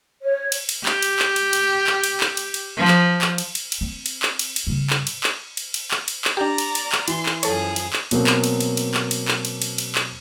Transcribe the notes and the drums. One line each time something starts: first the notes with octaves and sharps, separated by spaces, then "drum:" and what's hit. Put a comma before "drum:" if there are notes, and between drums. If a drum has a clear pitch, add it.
C#5
drum: cymbal
drum: cymbal
G4, drum: clap
drum: cymbal
drum: clap
drum: cymbal
drum: cymbal
drum: clap
drum: cymbal
drum: clap
drum: cymbal
drum: cymbal
F3
drum: clap
drum: clap
drum: cymbal
drum: cymbal
drum: cymbal
C4
drum: cymbal
drum: clap
drum: cymbal
drum: cymbal
G2 C#3
drum: clap
drum: cymbal
drum: clap
drum: cymbal
drum: cymbal
drum: clap
drum: cymbal
drum: clap
D4 G4 D5 A#5
drum: cymbal
drum: cymbal
drum: clap
E3 C6, drum: cymbal
drum: clap
F#2 F3 G#4 A4 C#5, drum: cymbal
drum: cymbal
drum: clap
B2 F#3 A#3 C4, drum: cymbal
drum: clap
drum: cymbal
drum: cymbal
drum: cymbal
drum: clap
drum: cymbal
drum: clap
drum: cymbal
drum: cymbal
drum: cymbal
drum: clap